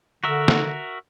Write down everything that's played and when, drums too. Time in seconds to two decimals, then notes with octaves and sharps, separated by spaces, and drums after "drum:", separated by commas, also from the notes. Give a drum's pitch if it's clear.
0.24 D3 F#4 A#4 E5
0.48 drum: snare